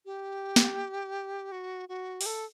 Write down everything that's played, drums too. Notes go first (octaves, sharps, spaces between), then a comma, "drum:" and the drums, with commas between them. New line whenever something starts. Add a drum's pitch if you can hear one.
G4
drum: snare
F#4
F#4
G4, drum: open hi-hat
A4